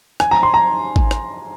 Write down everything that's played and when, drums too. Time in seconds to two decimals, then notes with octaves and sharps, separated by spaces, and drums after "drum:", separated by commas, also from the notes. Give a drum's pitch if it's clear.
0.20 G#5, drum: rim click
0.31 A#5
0.43 C6
0.54 A#5
0.96 drum: kick G#1
1.11 drum: rim click